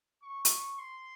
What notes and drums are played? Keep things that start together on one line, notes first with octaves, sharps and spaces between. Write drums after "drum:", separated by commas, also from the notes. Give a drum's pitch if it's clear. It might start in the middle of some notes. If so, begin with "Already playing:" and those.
C#6
drum: hi-hat
C6